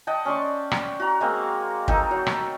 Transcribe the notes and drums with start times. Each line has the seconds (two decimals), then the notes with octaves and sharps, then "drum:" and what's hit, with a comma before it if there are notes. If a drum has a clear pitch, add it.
0.07 D#5 F#5 G5 A5
0.25 C#4 D5 C6 C#6
0.71 drum: rim click
1.00 F#4 A#5
1.20 G#3 A#3 C4
1.88 C4 D#4 A4 A#4, drum: kick
2.11 F#3
2.27 drum: rim click